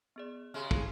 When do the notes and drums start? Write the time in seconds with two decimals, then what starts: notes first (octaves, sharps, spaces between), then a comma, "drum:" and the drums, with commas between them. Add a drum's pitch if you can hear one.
0.16 B3 G#4 D5
0.54 C#3 G#3 G4 C6 F6
0.71 drum: kick